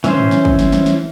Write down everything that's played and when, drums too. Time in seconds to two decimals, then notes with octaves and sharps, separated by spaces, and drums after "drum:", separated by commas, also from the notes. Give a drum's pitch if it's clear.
0.04 E3 C#4 C5, drum: snare
0.18 drum: tom G#2
0.31 drum: snare
0.45 drum: kick
0.59 drum: snare
0.72 drum: snare
0.86 drum: snare